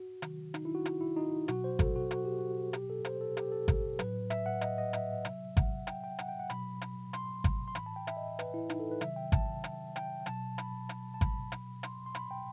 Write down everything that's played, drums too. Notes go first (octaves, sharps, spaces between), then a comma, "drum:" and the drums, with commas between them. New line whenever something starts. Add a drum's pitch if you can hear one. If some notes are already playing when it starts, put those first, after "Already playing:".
Already playing: F#4
C3 D#3 F#3, drum: hi-hat
D#4, drum: hi-hat
E4
F#4
drum: hi-hat
E4
D#4
B2 F#3 F#4, drum: hi-hat
C5
A4, drum: kick G#1, hi-hat
F#4
F#4, drum: hi-hat
G4
F#4
B2 F#3 G4, drum: hi-hat
A4
C5, drum: hi-hat
A4
G4, drum: hi-hat
A4
drum: kick G#1, hi-hat
A2 F#3 B4, drum: hi-hat
E5, drum: hi-hat
F#5
D#5, drum: hi-hat
D#5
E5, drum: hi-hat
C3 F#3, drum: hi-hat
F#5, drum: kick G#1, hi-hat
G5, drum: hi-hat
G5
F#5, drum: hi-hat
G5
F#5
B2 F#3 B5, drum: hi-hat
drum: hi-hat
C6, drum: hi-hat
drum: kick G#1, hi-hat
C6
A2 E3 B5, drum: hi-hat
A5
G5
E5, drum: hi-hat
D#5
B4, drum: hi-hat
E4
D#4, drum: hi-hat
A4
B4
C3 D#3 F#3 E5, drum: hi-hat
G5
A5, drum: kick G#1, hi-hat
drum: hi-hat
G5, drum: hi-hat
B2 F#3 A5, drum: hi-hat
B5, drum: hi-hat
drum: hi-hat
A5
B5, drum: kick G#1, hi-hat
B2 F#3, drum: hi-hat
C6, drum: hi-hat
C6
B5, drum: hi-hat
G5